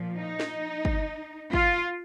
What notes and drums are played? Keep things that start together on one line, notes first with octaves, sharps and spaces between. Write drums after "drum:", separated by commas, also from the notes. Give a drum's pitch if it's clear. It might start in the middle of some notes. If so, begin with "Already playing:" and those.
Already playing: A#2 F3
D#4
drum: snare
drum: kick
F4, drum: kick